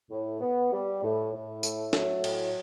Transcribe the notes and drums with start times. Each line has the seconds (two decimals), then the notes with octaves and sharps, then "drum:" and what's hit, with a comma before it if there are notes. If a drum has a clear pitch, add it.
0.11 A2
0.41 B3
0.72 G3
1.03 A2
1.33 A2
1.63 A3, drum: tambourine
1.93 F#3, drum: snare
2.24 A2, drum: cymbal